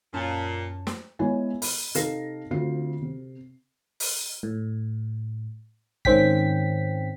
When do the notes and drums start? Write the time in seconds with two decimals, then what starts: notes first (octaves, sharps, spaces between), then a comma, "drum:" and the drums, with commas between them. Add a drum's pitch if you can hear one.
0.14 F#2 A#2 C#4 A5
0.87 drum: snare
1.19 G#3 B3 E4 B4 C#5 G#5
1.62 B5, drum: open hi-hat
1.95 C3 D#4 A4 F5 A#6 C7, drum: hi-hat
2.51 D2 C4 F4 C7
3.02 C3
4.00 drum: open hi-hat
4.43 A2
6.05 G#2 D#3 C4 C#4 G5 B6, drum: kick